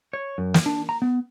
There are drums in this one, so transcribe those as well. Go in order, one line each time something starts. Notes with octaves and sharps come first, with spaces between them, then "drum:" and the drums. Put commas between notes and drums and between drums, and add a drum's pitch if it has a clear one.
C#5
F#2
drum: snare
D4
A#5
B3